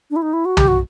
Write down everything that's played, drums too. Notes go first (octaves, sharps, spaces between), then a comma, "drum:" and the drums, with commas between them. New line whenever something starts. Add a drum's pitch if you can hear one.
D4
E4
D#4
E4
F#4
G4, drum: tom
F#4